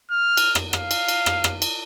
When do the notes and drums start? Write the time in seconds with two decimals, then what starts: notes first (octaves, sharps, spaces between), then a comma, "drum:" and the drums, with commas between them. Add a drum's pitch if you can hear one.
0.11 F6
0.37 drum: cymbal
0.55 drum: rim click
0.73 F5, drum: rim click
0.91 drum: cymbal
1.08 drum: cymbal
1.26 drum: rim click
1.44 drum: rim click
1.62 drum: cymbal